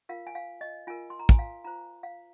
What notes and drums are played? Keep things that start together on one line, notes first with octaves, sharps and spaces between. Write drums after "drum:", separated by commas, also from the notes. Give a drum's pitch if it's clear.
F4 A#4 F5
G#5
F5
D#5
F4 A#4 G#5
C6
A#5
G#5, drum: kick
F5
F4 C5 A#5
F5